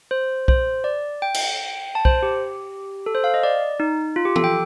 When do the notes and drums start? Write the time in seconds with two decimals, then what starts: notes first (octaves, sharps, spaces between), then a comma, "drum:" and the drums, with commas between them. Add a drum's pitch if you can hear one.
0.11 C5
0.48 C5, drum: kick B1
0.84 D5
1.22 G5
1.34 drum: cymbal
1.95 A5
2.05 C5, drum: kick B1
2.23 G4
3.06 A4
3.15 C5
3.24 F5
3.34 D#5
3.43 D5
3.80 D#4
4.16 F4
4.25 G4
4.36 A4, drum: tom
4.44 G5